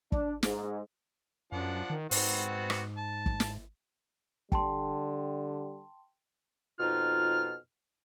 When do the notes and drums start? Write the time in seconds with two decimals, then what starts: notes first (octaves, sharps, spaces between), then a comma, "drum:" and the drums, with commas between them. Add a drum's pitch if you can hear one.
0.12 D4, drum: kick
0.43 G#2, drum: snare
1.52 F#2 F3 D4 F#5
1.90 D#3
2.11 G#2 B3 C4 F#4, drum: open hi-hat
2.70 drum: rim click
2.98 A5
3.26 drum: kick
3.40 drum: snare
4.52 D3 G3 G5 A5 C6, drum: kick
6.79 F2 B2 D#4 F4 F6